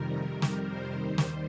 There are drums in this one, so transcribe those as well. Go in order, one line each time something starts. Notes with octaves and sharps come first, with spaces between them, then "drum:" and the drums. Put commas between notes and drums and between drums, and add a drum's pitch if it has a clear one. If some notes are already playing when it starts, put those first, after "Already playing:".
Already playing: F2 C3 D#3 G3 A#4
drum: snare
C5
D#2 D#3 G3
drum: snare